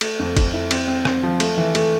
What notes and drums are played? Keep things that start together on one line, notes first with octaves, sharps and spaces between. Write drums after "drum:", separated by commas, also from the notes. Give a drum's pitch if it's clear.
A3, drum: cymbal
F2
F2, drum: kick, cymbal
E4
C4, drum: cymbal
C4
C4, drum: rim click
F3
A3, drum: cymbal
E3
A3, drum: cymbal